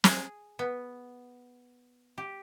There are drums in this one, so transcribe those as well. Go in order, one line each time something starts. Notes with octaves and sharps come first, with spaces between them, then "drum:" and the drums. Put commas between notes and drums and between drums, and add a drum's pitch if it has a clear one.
G#4, drum: snare
B3
G4